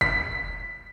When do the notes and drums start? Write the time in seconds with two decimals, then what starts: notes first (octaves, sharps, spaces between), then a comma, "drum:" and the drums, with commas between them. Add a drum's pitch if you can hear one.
0.01 B6, drum: kick